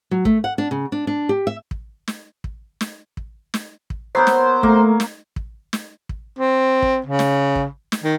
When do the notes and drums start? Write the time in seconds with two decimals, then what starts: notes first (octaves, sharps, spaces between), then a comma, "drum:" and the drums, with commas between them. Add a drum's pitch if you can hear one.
0.11 F#3
0.25 A3, drum: kick
0.44 F#5
0.58 D4
0.71 C#3
0.92 D4
1.07 D4
1.29 G4
1.47 E5
1.71 drum: kick
2.08 drum: snare
2.44 drum: kick
2.81 drum: snare
3.17 drum: kick
3.54 drum: snare
3.90 drum: kick
4.15 F#3 B3 A#4 C5
4.27 drum: snare
4.63 A3 A#3, drum: kick
5.00 drum: snare
5.36 drum: kick
5.73 drum: snare
6.09 drum: kick
6.39 C4
6.82 drum: kick
7.07 C#3
7.19 drum: snare
7.55 drum: kick
7.92 drum: snare
8.04 D#3